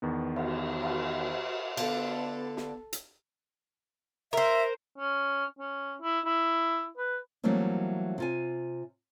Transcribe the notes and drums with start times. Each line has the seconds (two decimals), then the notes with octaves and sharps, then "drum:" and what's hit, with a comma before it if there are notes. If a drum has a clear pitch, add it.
0.02 E2 D#3 B3
0.36 drum: cymbal
0.83 drum: cymbal
1.77 D3 B3 D4 F4 A4, drum: cymbal
2.57 drum: snare
2.93 drum: hi-hat
4.33 A#4 C5 E5
4.98 C#4
5.59 C#4
6.02 E4
6.25 E4
6.98 B4
7.44 E3 F#3 G3 A3 A#3 C4
8.18 C3 F4 G#5